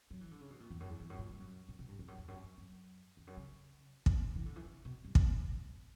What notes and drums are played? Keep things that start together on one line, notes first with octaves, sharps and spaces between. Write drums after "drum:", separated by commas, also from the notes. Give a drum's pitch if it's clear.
F#3
E3
D3
C#3
B2
A#2
E2
F#2
E2
E2
F#2
A#2
G2
F#2
A#2
B2
G2
E2
F#2
E2
F#2
F#2
F#2
E2
F#2
C#3
C#3, drum: kick
E3
D3
E3
D3
B2
G2
F#2, drum: kick